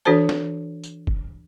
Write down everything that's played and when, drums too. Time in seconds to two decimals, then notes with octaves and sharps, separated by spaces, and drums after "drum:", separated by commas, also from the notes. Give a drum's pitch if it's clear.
0.05 E3 D4 F#4 A4 C5 A5
0.29 drum: snare
0.83 drum: tambourine
1.07 drum: kick